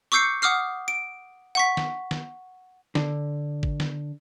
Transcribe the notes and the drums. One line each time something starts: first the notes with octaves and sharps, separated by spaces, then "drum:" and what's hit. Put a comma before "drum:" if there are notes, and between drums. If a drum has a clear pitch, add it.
C#6 D6 E6 G6 C7 C#7
F#5 D6 D#6 F6 C7
D7
F#5 C#6 B6
drum: snare
drum: snare
D3, drum: snare
drum: kick
drum: snare